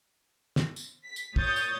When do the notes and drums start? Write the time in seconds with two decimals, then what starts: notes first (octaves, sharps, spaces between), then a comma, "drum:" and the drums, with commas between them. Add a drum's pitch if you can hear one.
0.56 drum: snare
0.76 drum: tambourine
1.04 B6
1.16 drum: tambourine
1.36 A#2 C#5 D#6 G6 A6, drum: kick
1.56 drum: tambourine